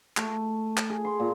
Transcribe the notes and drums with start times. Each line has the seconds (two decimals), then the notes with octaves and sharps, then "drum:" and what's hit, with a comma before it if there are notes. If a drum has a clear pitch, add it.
0.17 A3, drum: clap
0.77 drum: clap
0.90 G#4
1.05 C6
1.20 A#2